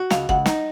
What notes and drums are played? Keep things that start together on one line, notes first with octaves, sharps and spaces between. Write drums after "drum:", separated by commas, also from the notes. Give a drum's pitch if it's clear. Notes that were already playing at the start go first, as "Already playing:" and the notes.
Already playing: F#4
C#2 F5, drum: snare
C#2 F#5, drum: kick
D#4, drum: snare